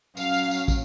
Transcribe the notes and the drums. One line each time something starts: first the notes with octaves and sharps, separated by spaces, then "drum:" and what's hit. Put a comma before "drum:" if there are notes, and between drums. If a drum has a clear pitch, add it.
F#3 C#4 F5, drum: tambourine
drum: tambourine
drum: tambourine
drum: kick, tambourine